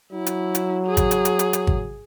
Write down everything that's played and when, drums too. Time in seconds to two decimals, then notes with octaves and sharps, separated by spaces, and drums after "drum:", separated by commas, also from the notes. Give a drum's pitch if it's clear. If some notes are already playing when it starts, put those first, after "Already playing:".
0.12 F#3 E4
0.26 drum: hi-hat
0.55 drum: hi-hat
0.87 G#4
0.97 drum: kick G#1, hi-hat
1.11 drum: hi-hat
1.25 drum: hi-hat
1.39 drum: hi-hat
1.53 drum: hi-hat
1.67 drum: kick G#1